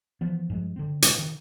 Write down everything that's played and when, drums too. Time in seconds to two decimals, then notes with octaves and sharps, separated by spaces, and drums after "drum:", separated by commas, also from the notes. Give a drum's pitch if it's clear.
0.21 E3 F3 B3
0.50 G2 F3 G#3
0.76 D3 C4
1.02 B2 G#3 C#4 D4, drum: hi-hat
1.18 D#3